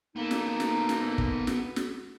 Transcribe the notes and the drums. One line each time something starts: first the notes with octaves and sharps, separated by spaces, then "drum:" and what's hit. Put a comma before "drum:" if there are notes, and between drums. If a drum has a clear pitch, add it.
A#3 B3 D#4 A4
drum: snare
drum: snare
drum: snare
drum: kick
drum: snare
drum: snare